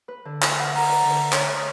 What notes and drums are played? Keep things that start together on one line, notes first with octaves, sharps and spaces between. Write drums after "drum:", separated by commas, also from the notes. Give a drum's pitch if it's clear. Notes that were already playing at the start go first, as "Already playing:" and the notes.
B4
D3
E5, drum: clap
F#5
A#5, drum: open hi-hat
D5
D3
C#5, drum: clap
D#5